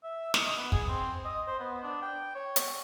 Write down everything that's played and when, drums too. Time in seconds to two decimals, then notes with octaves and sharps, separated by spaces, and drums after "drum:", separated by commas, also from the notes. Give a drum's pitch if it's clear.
0.03 E5
0.34 D#5, drum: snare
0.56 B3
0.72 G#4, drum: kick
0.89 C4
1.25 D#5
1.47 C5
1.59 B3
1.83 D4
2.02 G5
2.35 C#5
2.56 drum: hi-hat